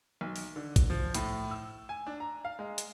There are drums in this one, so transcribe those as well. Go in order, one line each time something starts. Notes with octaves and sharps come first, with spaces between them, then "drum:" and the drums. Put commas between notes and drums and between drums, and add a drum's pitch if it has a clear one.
B1
drum: open hi-hat
D3
drum: kick, hi-hat
F3
A2, drum: hi-hat
E6
G#5
D4
A#5
F5
G#3
drum: hi-hat